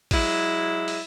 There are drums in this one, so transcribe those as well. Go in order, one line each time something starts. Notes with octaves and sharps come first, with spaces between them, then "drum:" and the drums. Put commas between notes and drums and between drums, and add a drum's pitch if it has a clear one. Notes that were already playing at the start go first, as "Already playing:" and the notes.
F#3 G#3 E4, drum: kick, open hi-hat
drum: open hi-hat